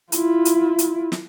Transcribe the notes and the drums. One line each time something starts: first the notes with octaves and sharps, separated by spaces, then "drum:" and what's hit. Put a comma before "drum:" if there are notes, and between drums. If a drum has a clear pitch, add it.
E4 F4, drum: hi-hat
drum: hi-hat
drum: hi-hat
drum: snare